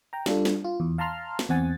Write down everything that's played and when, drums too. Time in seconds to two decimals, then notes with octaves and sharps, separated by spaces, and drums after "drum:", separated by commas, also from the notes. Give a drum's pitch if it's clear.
0.13 G5 A#5
0.26 G3 D4 F4 A4, drum: snare
0.45 drum: snare
0.64 F4
0.80 E2
0.98 F5 A5 A#5 C6 F6
1.39 drum: snare
1.49 E2 C4 F#5 G#5 A6